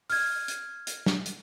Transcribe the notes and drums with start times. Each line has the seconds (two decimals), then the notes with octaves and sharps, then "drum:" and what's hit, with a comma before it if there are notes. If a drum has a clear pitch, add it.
0.10 F6 G#6, drum: open hi-hat
0.48 drum: hi-hat
0.87 drum: hi-hat
1.06 drum: snare
1.26 drum: hi-hat